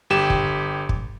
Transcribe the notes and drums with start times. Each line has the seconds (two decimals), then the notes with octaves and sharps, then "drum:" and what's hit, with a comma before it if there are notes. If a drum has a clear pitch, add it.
0.10 G1 G4 E7
0.30 drum: kick
0.89 drum: kick